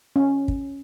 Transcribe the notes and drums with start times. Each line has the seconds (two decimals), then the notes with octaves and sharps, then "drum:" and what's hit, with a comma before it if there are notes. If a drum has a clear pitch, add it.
0.16 C#4
0.48 drum: kick